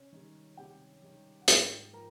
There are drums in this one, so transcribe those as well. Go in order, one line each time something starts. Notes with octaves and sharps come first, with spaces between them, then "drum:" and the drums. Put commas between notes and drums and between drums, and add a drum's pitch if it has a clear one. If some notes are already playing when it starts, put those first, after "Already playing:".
Already playing: C3 C#4 C#5
D#3 G3
C3 G4 G5
D#3 G3
F#5
G#2 G4 G5, drum: hi-hat
F3 A#4 A#5